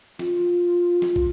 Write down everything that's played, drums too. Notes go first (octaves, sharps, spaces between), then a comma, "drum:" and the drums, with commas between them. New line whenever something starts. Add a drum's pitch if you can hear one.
F4, drum: snare
drum: snare
drum: kick